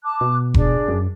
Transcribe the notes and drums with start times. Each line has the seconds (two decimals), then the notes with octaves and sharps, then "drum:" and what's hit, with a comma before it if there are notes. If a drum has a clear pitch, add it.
0.03 A5 D6 F#6
0.21 B2
0.54 D4 G#4, drum: kick F1
0.88 F#2